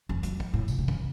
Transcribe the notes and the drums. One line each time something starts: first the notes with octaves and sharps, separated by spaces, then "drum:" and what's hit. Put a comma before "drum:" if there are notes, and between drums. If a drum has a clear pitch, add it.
F2
F#2, drum: hi-hat
drum: kick
A2
B2, drum: tambourine
C3
C#3, drum: kick